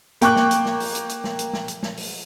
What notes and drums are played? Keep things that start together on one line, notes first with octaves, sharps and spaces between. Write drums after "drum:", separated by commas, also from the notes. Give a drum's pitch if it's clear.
A#3 G5 C#6 D6 F#6, drum: hi-hat
drum: snare
drum: hi-hat
drum: snare
drum: open hi-hat
drum: hi-hat
drum: hi-hat
drum: snare
drum: hi-hat
drum: snare
drum: hi-hat
drum: snare
drum: open hi-hat